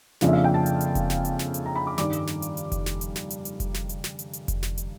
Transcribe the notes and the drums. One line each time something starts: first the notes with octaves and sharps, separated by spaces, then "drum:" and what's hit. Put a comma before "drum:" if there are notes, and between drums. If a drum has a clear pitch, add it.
F2 C#3 F3 A#3 D4, drum: snare
E5
F5
G5
A5
drum: hi-hat
drum: hi-hat
drum: kick F1, hi-hat
drum: snare
drum: hi-hat
drum: snare
drum: hi-hat
A#5
B5
D6
G2 D#3 G3 D6, drum: snare
drum: hi-hat
drum: snare
drum: hi-hat
drum: hi-hat
drum: kick F1, hi-hat
drum: snare
drum: hi-hat
drum: snare
drum: hi-hat
drum: hi-hat
drum: kick F1, hi-hat
drum: snare
drum: hi-hat
drum: snare
drum: hi-hat
drum: hi-hat
drum: kick F1, hi-hat
drum: snare
drum: hi-hat